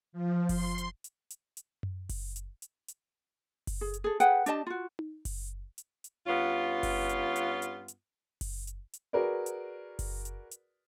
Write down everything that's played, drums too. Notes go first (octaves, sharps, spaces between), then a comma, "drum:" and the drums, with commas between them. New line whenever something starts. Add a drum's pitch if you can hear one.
F3
C6, drum: kick F#1, open hi-hat
drum: hi-hat
drum: hi-hat
drum: hi-hat
drum: hi-hat
drum: tom F#2
drum: kick F#1, open hi-hat
drum: hi-hat
drum: hi-hat
drum: hi-hat
drum: kick F#1, open hi-hat
G#4
drum: hi-hat
G#4 A4
G#4 B4 F#5 G5, drum: hi-hat
D4 G4 D#5 A5, drum: hi-hat
F4 F#4
drum: tom D#4
drum: kick F#1, open hi-hat
drum: hi-hat
drum: hi-hat
G2 B3 C#4 F4
drum: kick F#1, open hi-hat
drum: hi-hat
drum: hi-hat
drum: hi-hat
drum: hi-hat
drum: kick F#1, open hi-hat
drum: hi-hat
drum: hi-hat
F#4 G#4 A#4 B4 D5
drum: hi-hat
drum: kick F#1, open hi-hat
drum: hi-hat
drum: hi-hat